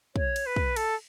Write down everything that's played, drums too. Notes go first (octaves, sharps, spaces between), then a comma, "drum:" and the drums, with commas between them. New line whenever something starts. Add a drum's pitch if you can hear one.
C#5, drum: kick
drum: cymbal
B4
drum: kick
A4, drum: cymbal